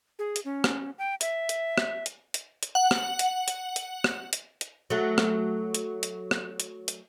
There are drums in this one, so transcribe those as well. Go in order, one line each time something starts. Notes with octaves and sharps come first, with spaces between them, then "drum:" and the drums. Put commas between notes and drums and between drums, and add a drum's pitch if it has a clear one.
G#4
drum: hi-hat
C#4
drum: rim click
G5
E5, drum: hi-hat
drum: hi-hat
drum: rim click
drum: hi-hat
drum: hi-hat
drum: hi-hat
F#5 F#7
drum: rim click
drum: hi-hat
drum: hi-hat
drum: hi-hat
drum: rim click
drum: hi-hat
drum: hi-hat
F#3 A3
drum: rim click
drum: hi-hat
drum: hi-hat
drum: rim click
drum: hi-hat
drum: hi-hat